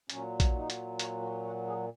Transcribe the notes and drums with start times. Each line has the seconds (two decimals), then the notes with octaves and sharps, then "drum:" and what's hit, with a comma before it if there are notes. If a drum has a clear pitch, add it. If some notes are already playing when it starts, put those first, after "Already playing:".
0.10 A#2 F#3 C#4, drum: hi-hat
0.40 drum: kick A#1, hi-hat
0.55 D#4
0.70 drum: hi-hat
0.99 F#4, drum: hi-hat
1.22 F#4
1.45 F#4
1.67 G#4